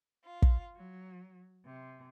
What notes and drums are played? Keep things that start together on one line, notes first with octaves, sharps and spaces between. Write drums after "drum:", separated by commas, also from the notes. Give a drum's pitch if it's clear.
F4
drum: kick
F#3
C3